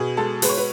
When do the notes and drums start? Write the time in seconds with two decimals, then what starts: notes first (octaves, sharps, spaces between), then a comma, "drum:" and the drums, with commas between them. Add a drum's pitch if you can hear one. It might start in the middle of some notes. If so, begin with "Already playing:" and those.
Already playing: B2 G#4
0.17 G#3 A4
0.42 G#3 B4, drum: open hi-hat
0.49 C#5
0.57 B4